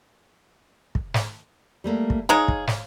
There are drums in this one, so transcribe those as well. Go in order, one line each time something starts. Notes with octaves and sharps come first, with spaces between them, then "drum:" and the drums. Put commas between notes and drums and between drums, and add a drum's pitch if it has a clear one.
drum: kick
drum: snare
G3 A3 A#3
drum: kick
G#3 D#4 G#4 C#5 F5
drum: kick
drum: snare